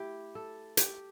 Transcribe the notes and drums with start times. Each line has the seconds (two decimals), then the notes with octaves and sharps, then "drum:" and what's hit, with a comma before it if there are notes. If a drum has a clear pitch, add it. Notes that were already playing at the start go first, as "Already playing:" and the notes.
Already playing: A3 E4 G4
0.35 A4
0.77 G4, drum: hi-hat